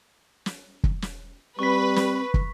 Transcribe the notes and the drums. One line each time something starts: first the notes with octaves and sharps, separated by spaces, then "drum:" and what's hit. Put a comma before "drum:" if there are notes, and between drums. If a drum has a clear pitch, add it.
drum: snare
drum: kick
drum: snare
G3 C4 B4 C#6 B6
drum: snare
drum: kick